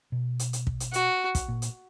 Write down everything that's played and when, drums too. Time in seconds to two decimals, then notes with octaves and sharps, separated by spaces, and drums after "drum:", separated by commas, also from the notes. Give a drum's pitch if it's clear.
0.12 B2
0.39 drum: hi-hat
0.53 drum: hi-hat
0.67 drum: kick
0.80 drum: hi-hat
0.94 F#4, drum: hi-hat
1.35 drum: kick, hi-hat
1.48 A#2
1.62 drum: hi-hat